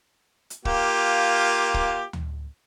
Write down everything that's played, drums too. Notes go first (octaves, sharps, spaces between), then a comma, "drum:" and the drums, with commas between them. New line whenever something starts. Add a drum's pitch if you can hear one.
drum: hi-hat
A#3 F4 G4, drum: kick
drum: kick
drum: tom D2